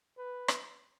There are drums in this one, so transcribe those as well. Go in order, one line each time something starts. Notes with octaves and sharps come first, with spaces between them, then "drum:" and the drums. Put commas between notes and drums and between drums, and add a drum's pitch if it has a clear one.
B4
drum: rim click